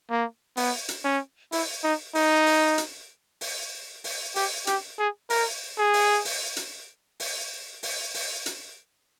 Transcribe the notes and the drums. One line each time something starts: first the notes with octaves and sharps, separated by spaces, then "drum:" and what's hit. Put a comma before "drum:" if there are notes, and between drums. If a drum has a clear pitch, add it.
A#3
B3, drum: open hi-hat
drum: hi-hat
C#4
E4, drum: open hi-hat
D#4
D#4, drum: open hi-hat
drum: open hi-hat
drum: hi-hat
drum: open hi-hat
drum: open hi-hat
G4, drum: open hi-hat
G4, drum: hi-hat
G#4
A#4, drum: open hi-hat
G#4
drum: open hi-hat
drum: open hi-hat
drum: hi-hat
drum: open hi-hat
drum: open hi-hat
drum: open hi-hat
drum: hi-hat